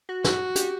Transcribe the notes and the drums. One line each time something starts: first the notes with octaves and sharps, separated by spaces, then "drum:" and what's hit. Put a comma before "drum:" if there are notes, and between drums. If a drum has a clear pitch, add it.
F#4
F#4, drum: snare
G4, drum: hi-hat